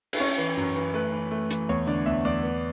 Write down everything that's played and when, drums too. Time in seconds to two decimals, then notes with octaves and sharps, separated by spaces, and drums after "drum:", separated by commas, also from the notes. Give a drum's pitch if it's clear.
0.13 B4, drum: cymbal
0.20 C#4 C#5
0.38 E3
0.57 F#2
0.76 E3
0.94 A3 B4
1.13 E3
1.31 A3
1.51 E3, drum: hi-hat
1.69 E2 C#5
1.87 D3 D5
2.06 E2 E5
2.25 E2 D5
2.43 B3